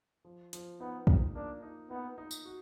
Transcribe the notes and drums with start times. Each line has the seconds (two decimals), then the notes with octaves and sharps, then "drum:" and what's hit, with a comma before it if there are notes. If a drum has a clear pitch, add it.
0.25 F3
0.53 F3, drum: hi-hat
0.80 B3 D#4
1.07 D#4, drum: kick
1.35 A#3 D4
1.62 D#4
1.90 B3 D#4
2.18 D#4
2.31 drum: tambourine
2.45 F#4